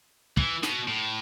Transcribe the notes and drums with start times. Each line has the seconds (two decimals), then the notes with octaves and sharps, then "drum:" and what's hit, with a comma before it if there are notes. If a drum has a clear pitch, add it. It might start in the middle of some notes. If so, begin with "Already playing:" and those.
0.37 E3, drum: kick
0.63 B2, drum: snare
0.88 A2